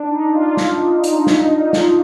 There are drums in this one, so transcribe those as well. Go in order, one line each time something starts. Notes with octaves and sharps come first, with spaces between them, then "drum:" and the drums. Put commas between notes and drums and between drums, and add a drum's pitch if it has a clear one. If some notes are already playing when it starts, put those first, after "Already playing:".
Already playing: D4
D#4
F4
drum: snare
drum: hi-hat
drum: snare
drum: snare